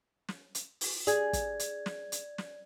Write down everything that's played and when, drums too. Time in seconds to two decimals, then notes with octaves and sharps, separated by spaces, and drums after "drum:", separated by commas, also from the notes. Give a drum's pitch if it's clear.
0.28 drum: snare
0.55 drum: hi-hat
0.81 drum: open hi-hat
1.07 G#4 D5 G#6, drum: hi-hat
1.33 drum: kick, hi-hat
1.60 drum: hi-hat
1.86 drum: snare
2.12 drum: hi-hat
2.38 drum: snare